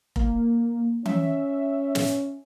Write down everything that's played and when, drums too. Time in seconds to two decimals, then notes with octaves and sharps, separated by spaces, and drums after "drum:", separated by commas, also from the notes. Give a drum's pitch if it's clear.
0.16 A#3, drum: kick F1
1.06 C#4 E5, drum: tom E3
1.95 drum: snare